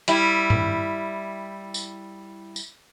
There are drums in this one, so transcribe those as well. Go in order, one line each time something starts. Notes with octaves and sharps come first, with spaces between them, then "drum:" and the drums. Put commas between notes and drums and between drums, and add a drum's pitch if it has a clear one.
G3 E4, drum: hi-hat
drum: tom G2
drum: tambourine
drum: tambourine